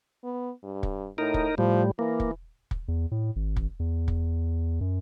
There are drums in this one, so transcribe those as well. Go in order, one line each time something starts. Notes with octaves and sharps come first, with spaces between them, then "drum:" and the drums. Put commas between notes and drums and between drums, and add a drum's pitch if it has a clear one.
B3
G2
drum: kick
A2 D#4 A#4
drum: kick
A2 F3 G3
E3 A#3
drum: kick
drum: kick
E2
A2
G#1
drum: kick
E2
drum: kick
F#2